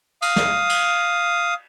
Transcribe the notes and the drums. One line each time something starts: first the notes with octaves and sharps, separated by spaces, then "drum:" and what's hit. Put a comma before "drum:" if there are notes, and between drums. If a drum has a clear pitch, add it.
F5 D#6, drum: cymbal
drum: snare
drum: cymbal